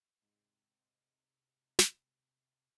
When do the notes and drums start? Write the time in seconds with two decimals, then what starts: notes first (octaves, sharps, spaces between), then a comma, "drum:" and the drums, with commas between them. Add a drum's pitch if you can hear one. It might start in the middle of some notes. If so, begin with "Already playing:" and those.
0.22 G#2 C3 C4
1.79 drum: snare